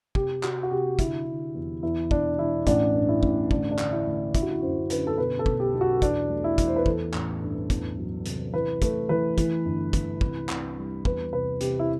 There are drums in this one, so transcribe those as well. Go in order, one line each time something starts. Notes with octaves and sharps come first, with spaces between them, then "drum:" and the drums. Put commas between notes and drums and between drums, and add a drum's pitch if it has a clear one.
C3 G4, drum: kick
C3 F#4, drum: clap
F#4
C3 G4
D3 E4, drum: kick, hi-hat
D3
E2
E2 E4
E1 D4, drum: kick
E1 E4
A1 D4, drum: kick, hi-hat
G2
E4
A1, drum: kick
D2 D4, drum: kick
D4
D2, drum: clap
E4
D2
D3 E4, drum: kick, hi-hat
F#4
E4
F#2 C5
D3 B4, drum: hi-hat
A4
B2 B4
A4
B1, drum: kick
G4
B1
F#4
E2 D4, drum: kick, hi-hat
A3
E4
E2, drum: kick, hi-hat
C5
B4
E3 A4, drum: kick
A1, drum: clap
G2
E2, drum: kick, hi-hat
F#3
C3, drum: hi-hat
E3 B4
A3 B4, drum: kick, hi-hat
E3 B4
E3, drum: kick, hi-hat
G1
E3, drum: kick, hi-hat
C2, drum: kick
C2, drum: clap
G3
E2 B4, drum: kick
C3 B4
C3 G4, drum: hi-hat
E4